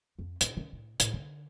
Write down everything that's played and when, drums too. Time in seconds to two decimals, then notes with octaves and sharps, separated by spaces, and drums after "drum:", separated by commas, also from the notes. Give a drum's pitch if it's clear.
0.19 F2
0.41 A2, drum: hi-hat
0.57 D#3 C#4
0.72 A2
1.00 A2, drum: hi-hat
1.13 D3